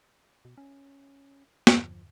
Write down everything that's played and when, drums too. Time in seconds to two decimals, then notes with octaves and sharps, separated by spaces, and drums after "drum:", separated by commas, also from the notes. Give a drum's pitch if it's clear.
0.45 B2
0.58 C#4
1.67 E2 G2 D3 F3, drum: snare